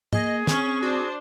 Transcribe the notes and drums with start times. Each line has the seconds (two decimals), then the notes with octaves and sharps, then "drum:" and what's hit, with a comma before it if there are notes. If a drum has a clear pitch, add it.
0.13 A#3 G#4 D#5, drum: tom
0.47 C4 C#4 C#6, drum: snare
0.83 D4 F#4 C5